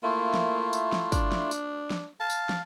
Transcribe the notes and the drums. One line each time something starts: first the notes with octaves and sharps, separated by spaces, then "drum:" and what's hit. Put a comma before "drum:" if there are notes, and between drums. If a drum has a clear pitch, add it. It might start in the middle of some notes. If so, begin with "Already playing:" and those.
A3 A#3 E4 F4
drum: snare
drum: tambourine
drum: snare
D4, drum: kick, tambourine
drum: snare
drum: tambourine
drum: snare
F5 A5
drum: tambourine
drum: snare